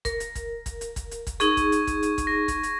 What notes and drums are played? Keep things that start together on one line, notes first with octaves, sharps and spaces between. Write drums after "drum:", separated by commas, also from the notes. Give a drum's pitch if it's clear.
A#4, drum: kick, hi-hat
drum: hi-hat
drum: kick, hi-hat
drum: kick, hi-hat
drum: hi-hat
drum: kick, hi-hat
drum: hi-hat
drum: kick, hi-hat
D#4 G#4 C#6 G#6, drum: hi-hat
drum: kick, hi-hat
drum: hi-hat
drum: kick, hi-hat
drum: hi-hat
drum: kick, hi-hat
A#6
drum: kick, hi-hat
drum: hi-hat